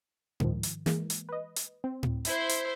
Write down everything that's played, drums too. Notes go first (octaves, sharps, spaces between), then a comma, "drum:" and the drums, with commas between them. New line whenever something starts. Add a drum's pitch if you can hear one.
G#2 D#3 F3, drum: tom A2
drum: hi-hat
E3 G#3 A#3, drum: snare
drum: hi-hat
B4 D#5
drum: hi-hat
C4
drum: tom A2
E4 C5, drum: hi-hat
drum: hi-hat